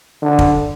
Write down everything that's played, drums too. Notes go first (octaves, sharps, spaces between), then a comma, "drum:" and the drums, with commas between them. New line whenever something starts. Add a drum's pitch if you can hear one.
D3
drum: kick